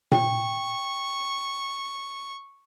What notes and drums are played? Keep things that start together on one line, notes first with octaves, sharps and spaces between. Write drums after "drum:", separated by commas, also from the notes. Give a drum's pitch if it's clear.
G5 C#6, drum: tom A#2